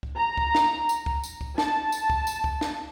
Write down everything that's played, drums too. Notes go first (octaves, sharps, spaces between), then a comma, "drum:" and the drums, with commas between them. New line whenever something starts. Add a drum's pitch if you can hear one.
drum: kick C#2
A#5
drum: kick C#2
drum: snare
drum: tambourine
drum: kick C#2
drum: tambourine
drum: kick C#2
A5, drum: snare
drum: tambourine
drum: kick C#2
drum: tambourine
drum: kick C#2
drum: snare